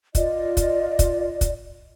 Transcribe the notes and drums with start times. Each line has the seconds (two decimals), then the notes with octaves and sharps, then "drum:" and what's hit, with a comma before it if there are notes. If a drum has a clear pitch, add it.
0.15 F4 D5 D#5, drum: kick, hi-hat
0.57 drum: kick, hi-hat
0.99 drum: kick, hi-hat
1.41 drum: kick, hi-hat